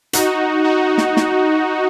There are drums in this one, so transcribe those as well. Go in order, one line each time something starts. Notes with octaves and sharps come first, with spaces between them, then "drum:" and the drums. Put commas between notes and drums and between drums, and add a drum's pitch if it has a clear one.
D#4 F#4, drum: hi-hat
D#4 F#4
drum: snare
drum: snare